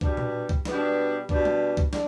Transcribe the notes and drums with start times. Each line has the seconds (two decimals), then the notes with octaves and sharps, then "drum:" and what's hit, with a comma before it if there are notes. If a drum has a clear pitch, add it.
0.01 B2 G3 B3 D4, drum: kick C#2
0.17 drum: tom A#2
0.49 drum: kick C#2
0.65 B2 G3 B3 D4, drum: snare
1.29 B2 G3 B3 D4, drum: kick C#2
1.45 drum: tom G3
1.77 drum: kick C#2
1.93 D4, drum: snare